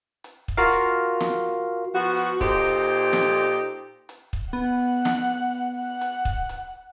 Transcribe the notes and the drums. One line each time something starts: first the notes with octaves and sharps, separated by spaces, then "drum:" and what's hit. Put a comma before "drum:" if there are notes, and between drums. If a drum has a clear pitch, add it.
drum: hi-hat
drum: kick
F4 F#4 A#4 F5
drum: hi-hat
drum: snare
F3 B3 F#4
drum: hi-hat
A#2 D#4 G4 A4 C5, drum: kick
drum: hi-hat
drum: snare
drum: hi-hat
drum: kick
B3 F#5
drum: snare
F#5
drum: hi-hat
drum: kick
drum: hi-hat